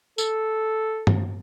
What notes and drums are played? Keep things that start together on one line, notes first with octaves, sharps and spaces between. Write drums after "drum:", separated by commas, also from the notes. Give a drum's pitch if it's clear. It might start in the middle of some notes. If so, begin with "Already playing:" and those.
A4, drum: tambourine
drum: tom G2